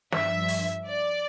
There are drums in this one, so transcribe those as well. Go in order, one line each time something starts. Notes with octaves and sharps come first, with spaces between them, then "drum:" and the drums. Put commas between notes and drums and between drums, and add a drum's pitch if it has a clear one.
G2 F3 E5, drum: snare
drum: open hi-hat
D5